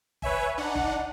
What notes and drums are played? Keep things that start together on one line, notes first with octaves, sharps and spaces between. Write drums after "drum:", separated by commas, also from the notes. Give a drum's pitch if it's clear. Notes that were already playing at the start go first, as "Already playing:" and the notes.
B4 C#5 E5 G#5, drum: kick
D4 D#4 F#5
drum: kick